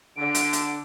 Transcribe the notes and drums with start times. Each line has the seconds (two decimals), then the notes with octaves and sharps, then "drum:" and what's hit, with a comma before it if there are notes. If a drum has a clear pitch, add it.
0.16 D3 D7
0.35 drum: hi-hat
0.53 drum: hi-hat